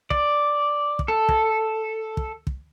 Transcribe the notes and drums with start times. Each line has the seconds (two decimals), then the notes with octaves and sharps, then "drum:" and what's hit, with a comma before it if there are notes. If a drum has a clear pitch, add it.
0.10 D5, drum: kick
0.99 drum: kick
1.08 A4
1.29 drum: kick
2.17 drum: kick
2.47 drum: kick